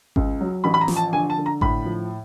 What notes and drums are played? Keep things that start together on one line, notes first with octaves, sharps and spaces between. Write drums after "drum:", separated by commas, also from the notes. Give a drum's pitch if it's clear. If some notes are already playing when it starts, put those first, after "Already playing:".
C#2, drum: kick G#1
F#3
A1 B5
B5
A#5
F3, drum: snare
A5
D3 G#5
A5
D3
A#5
A2 B5, drum: kick G#1
F3